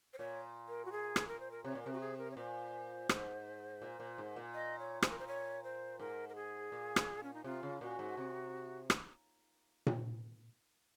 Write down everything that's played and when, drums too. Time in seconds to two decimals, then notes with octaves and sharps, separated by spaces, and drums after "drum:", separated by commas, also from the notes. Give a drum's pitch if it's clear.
0.14 C5
0.18 A#2 C#5
0.68 A#4
0.85 F#4
0.92 G#4
1.16 drum: rim click
1.28 A#4
1.40 C5
1.51 A#4
1.65 C3 C#5
1.75 A#2
1.83 C3 A#4
1.93 F#4
2.00 G#4
2.18 A#4
2.31 C#5
2.37 A#2 C5
3.09 G#2, drum: rim click
3.82 A#2
4.00 A#2
4.18 G#2
4.36 A#2
4.54 D#5
4.79 C#5
5.02 C5, drum: rim click
5.10 A#4
5.19 C5
5.28 C#5
5.64 C5
5.99 G#2 A#4
6.29 A#4
6.35 G#4
6.72 A#2
6.96 drum: rim click
7.23 C#4
7.34 D#4
7.44 C3 F4
7.63 C#3
7.81 A#2 F#4
7.99 G#2
8.17 C3
8.90 drum: rim click
9.86 drum: tom A#2